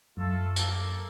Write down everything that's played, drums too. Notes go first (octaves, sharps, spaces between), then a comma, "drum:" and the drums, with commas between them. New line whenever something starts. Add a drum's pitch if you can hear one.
F#2 A3 F4 A4
A#3 A4, drum: tambourine